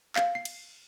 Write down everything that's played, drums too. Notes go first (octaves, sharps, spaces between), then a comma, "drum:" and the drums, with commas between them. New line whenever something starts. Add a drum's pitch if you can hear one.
F5, drum: clap
C7
drum: cymbal